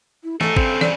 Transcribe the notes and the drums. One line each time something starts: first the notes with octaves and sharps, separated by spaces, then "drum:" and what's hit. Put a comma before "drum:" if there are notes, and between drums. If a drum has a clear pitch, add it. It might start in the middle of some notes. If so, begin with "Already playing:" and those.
E4
A3 D#4 G#4 A4, drum: snare
G2 C#3 C4, drum: kick
D5, drum: snare